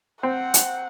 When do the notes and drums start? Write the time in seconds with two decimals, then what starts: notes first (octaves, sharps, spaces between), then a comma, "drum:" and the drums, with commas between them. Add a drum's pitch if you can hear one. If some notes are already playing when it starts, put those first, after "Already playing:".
0.23 C4 F#5
0.54 drum: hi-hat